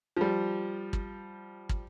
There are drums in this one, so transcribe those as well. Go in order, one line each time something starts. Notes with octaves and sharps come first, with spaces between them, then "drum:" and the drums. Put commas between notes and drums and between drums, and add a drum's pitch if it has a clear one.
F3 G3
drum: kick
drum: kick